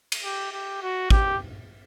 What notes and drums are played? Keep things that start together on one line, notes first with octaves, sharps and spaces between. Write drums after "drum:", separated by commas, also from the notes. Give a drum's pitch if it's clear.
drum: cymbal
G4
G4
F#4
G4, drum: kick